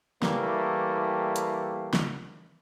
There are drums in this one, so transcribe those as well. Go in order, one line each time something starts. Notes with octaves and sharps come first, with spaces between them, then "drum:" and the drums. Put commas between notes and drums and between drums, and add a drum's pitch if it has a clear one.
E3 G3 A3 A#3, drum: snare
drum: hi-hat
drum: snare